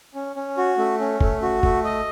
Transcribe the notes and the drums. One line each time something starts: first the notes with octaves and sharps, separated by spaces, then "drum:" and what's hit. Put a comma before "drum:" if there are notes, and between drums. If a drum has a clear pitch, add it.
C#4
C#4
F#4
A3
C#4
A3, drum: kick
F#4
A3, drum: kick
D#5